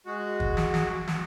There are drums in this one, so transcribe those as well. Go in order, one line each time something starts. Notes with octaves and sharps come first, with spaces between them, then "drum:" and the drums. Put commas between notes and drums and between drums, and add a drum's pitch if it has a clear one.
G#3 F#4
drum: kick
drum: snare
drum: snare
drum: snare